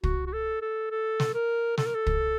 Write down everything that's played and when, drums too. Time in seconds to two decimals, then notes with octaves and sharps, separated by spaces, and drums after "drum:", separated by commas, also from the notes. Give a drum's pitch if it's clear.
0.03 F#4, drum: kick
0.27 F#4
0.33 A4
0.61 A4
0.91 A4
1.20 drum: snare
1.34 A#4
1.78 A4, drum: snare
1.86 A#4
1.95 A4
2.07 drum: kick